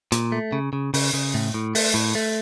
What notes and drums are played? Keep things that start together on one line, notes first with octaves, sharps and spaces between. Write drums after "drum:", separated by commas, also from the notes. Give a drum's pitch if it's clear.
A#2, drum: hi-hat
A3
C#3
C#3
C#3, drum: open hi-hat
C#3
A2
A2
A3, drum: open hi-hat
A2
A3